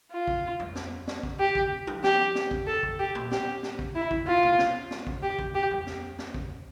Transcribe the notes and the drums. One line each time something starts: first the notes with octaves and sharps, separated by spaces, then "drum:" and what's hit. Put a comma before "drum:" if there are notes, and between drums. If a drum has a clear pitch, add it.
F4
drum: kick A1
drum: tom F2
drum: snare
drum: snare
drum: kick A1
G4
drum: kick A1
drum: tom
G4, drum: snare
drum: snare
drum: kick A1
A4
drum: kick A1
G4
drum: tom A#2
G4, drum: snare
drum: snare
drum: kick A1
E4
drum: kick A1
F4
drum: tom B2
drum: snare
drum: snare
drum: kick A1
G4
drum: kick A1
G4
drum: tom F2
drum: snare
drum: snare
drum: kick A1